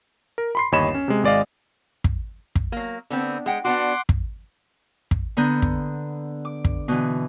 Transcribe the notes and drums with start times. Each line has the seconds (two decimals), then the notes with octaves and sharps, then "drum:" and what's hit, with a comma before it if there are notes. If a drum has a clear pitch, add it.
0.38 A#4
0.55 B5 C6 C7
0.72 G1 D#2 C#5 D#5 B5 E7
0.94 C#4
1.08 C3 G#3
1.23 G#1 G#3 D5 D#5 F5
2.04 drum: kick
2.55 drum: kick
2.72 F#3 A#3
3.10 D3 B3 C4
3.46 G#3 F#5 G5
3.65 B3 D4 F#4 F#5 C6 D6
4.09 drum: kick
5.11 drum: kick
5.37 D3 B3 A#5 G6
5.62 drum: kick
6.45 D6
6.64 drum: kick
6.88 B2 D3 E3